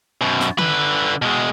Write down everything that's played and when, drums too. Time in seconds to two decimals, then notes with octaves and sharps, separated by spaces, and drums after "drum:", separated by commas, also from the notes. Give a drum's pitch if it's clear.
0.21 F#2 B2
0.41 drum: snare
0.58 D3 B4, drum: tom D#3
1.22 B2 G#3